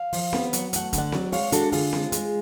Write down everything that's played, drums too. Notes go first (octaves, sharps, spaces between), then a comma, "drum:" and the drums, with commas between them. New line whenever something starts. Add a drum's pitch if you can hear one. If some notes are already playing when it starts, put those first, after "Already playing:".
Already playing: F5
F3, drum: open hi-hat
B3, drum: snare C4
F#3 F#5, drum: hi-hat
A3 F#5, drum: hi-hat
D3, drum: kick, hi-hat
D5 F#5
F#3, drum: snare C4
G#3 C#5 F5, drum: open hi-hat
D4 F#4 A4, drum: hi-hat
D3 F4 G#4, drum: open hi-hat
G#3, drum: snare C4
G#3, drum: hi-hat